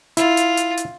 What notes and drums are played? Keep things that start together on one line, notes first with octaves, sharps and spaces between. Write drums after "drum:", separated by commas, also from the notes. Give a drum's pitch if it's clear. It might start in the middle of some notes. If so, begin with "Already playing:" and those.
E4 F4, drum: hi-hat
drum: hi-hat
drum: hi-hat
drum: hi-hat